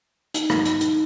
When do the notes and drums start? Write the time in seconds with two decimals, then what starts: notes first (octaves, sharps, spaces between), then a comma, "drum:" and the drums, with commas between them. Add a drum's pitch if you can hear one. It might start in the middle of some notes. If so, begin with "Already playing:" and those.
0.34 D#4, drum: hi-hat
0.50 drum: rim click
0.65 drum: hi-hat
0.81 D#4, drum: hi-hat